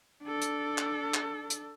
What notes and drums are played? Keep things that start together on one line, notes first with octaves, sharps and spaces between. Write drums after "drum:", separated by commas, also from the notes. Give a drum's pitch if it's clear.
D4 A4
drum: hi-hat
drum: clap
drum: clap
drum: hi-hat